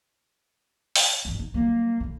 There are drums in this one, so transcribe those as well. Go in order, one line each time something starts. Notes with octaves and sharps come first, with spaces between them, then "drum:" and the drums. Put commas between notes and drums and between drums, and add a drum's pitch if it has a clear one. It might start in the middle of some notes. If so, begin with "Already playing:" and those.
drum: open hi-hat
G2 F#3
D#4
F#3 G3 A#3
D3 E4